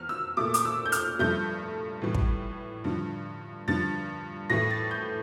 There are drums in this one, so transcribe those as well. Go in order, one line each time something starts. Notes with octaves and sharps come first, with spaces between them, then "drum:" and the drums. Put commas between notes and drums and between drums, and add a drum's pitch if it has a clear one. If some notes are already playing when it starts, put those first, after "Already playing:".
Already playing: E2 F6
E6
A#2 A3 D6
D6, drum: hi-hat
E6
G6
F6, drum: hi-hat
G2 F3 A3 G6
A2 E3 G3
drum: kick
G2 D3 F3
G2 D3 F3 A6
A2 E3 A3 A#6
A6
G6